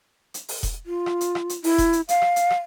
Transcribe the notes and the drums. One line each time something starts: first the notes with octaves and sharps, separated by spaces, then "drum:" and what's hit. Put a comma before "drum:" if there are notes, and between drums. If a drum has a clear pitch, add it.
drum: hi-hat
drum: open hi-hat
drum: kick E1, hi-hat
F4
drum: rim click
drum: hi-hat
drum: rim click
drum: hi-hat
E4, drum: open hi-hat
drum: kick E1, hi-hat
drum: hi-hat
F5, drum: hi-hat
drum: rim click
drum: hi-hat
drum: rim click